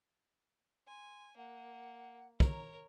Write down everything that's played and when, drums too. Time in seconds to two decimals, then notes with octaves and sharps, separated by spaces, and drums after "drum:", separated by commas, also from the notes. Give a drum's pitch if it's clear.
0.87 G#5 C6
1.37 A#3 F#5
2.40 A#4 C#5 A#5, drum: kick